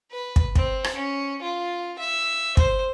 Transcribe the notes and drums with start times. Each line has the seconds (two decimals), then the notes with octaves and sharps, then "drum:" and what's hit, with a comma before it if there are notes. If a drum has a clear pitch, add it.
0.11 B4
0.36 drum: kick
0.55 C4, drum: kick
0.84 drum: rim click
0.95 C#4
1.41 F4
1.98 E5
2.57 C5, drum: kick